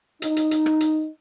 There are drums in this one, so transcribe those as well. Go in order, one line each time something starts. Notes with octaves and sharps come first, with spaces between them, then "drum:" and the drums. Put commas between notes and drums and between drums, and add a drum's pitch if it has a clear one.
D#4, drum: hi-hat
drum: hi-hat
drum: hi-hat
drum: rim click
drum: hi-hat